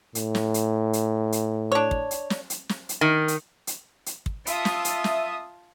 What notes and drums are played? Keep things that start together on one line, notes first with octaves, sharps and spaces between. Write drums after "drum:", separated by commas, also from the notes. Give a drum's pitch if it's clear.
A2, drum: hi-hat
drum: snare
drum: hi-hat
drum: hi-hat
drum: hi-hat
D4 C#5
drum: kick
drum: hi-hat
drum: snare
drum: hi-hat
drum: snare
drum: hi-hat
D#3
drum: hi-hat
drum: hi-hat
drum: hi-hat
drum: kick
F4 E5 A5 D#6, drum: hi-hat
drum: snare
drum: hi-hat
drum: snare